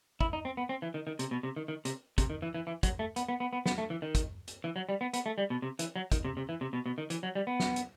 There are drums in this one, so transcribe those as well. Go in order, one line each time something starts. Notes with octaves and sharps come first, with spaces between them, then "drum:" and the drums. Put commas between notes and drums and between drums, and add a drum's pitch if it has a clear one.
E4, drum: kick
D#4
C4
B3
C4
E3
D#3
D#3
C3, drum: hi-hat
B2
C3
D#3
D#3
C3, drum: hi-hat
C3, drum: kick, hi-hat
D#3
E3
E3
E3
F#3, drum: kick, hi-hat
A3
B3, drum: hi-hat
B3
B3
B3
B3, drum: snare
A3
E3
D#3
drum: kick, hi-hat
drum: hi-hat
E3
F#3
G3
B3
B3, drum: hi-hat
A3
G3
B2
C3
E3, drum: hi-hat
F#3
D#3, drum: kick, hi-hat
C3
C3
E3
C3
B2
B2
D#3
E3, drum: hi-hat
F#3
G3
B3
drum: snare
drum: hi-hat